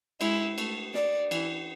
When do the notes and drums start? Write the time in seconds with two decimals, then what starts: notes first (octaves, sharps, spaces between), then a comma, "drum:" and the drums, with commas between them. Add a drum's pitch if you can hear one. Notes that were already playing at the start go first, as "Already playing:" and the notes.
0.21 G#3 E4, drum: cymbal
0.58 A3, drum: cymbal
0.94 D5, drum: snare
1.31 E3, drum: cymbal